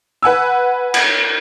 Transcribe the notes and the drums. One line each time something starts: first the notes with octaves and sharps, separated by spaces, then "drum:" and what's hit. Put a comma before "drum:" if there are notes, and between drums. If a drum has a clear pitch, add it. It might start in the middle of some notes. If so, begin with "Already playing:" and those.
B4 F#5 G#5 E6
drum: cymbal